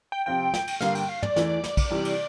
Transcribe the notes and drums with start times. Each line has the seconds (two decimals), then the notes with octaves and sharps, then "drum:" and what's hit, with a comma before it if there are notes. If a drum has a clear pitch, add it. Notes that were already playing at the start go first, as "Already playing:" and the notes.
0.12 G5
0.26 C3 F3 C4 F4 G5
0.54 drum: snare
0.67 drum: cymbal
0.81 G2 D3 G3 A#3 F5, drum: snare
0.95 G5, drum: cymbal
1.09 F5
1.23 D5, drum: tom
1.36 E2 E3 A3, drum: snare
1.64 drum: snare
1.77 drum: kick, cymbal
1.90 C3 E3 G3
2.05 drum: cymbal